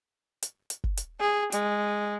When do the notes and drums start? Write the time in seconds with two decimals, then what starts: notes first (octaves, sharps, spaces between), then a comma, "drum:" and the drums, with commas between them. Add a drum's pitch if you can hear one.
0.43 drum: hi-hat
0.70 drum: hi-hat
0.84 drum: kick
0.97 drum: hi-hat
1.20 G#4
1.52 G#3, drum: hi-hat